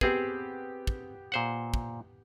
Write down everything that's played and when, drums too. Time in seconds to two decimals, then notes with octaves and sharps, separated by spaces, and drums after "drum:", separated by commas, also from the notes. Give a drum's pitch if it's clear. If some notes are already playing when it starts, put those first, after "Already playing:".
0.01 B3 C4 G4 G#4, drum: kick
0.87 drum: kick
1.32 A#2 C5 F#5
1.74 drum: kick